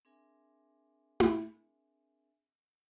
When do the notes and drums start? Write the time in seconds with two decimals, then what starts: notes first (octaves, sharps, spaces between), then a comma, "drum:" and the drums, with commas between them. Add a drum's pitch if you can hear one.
0.05 C4 D4 G#4 A#4 E5 G#5
1.20 drum: tom E4